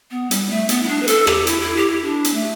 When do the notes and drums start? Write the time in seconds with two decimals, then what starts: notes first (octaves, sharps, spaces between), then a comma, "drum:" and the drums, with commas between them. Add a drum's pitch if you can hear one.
0.11 B3
0.31 G3, drum: hi-hat
0.50 A3
0.69 B3, drum: hi-hat
0.83 E4
0.88 D4
1.03 B4
1.08 A4, drum: hi-hat
1.27 G4, drum: rim click
1.47 E4, drum: hi-hat
1.61 E4
1.77 G4
1.91 E4
2.05 D4
2.24 drum: hi-hat
2.34 A3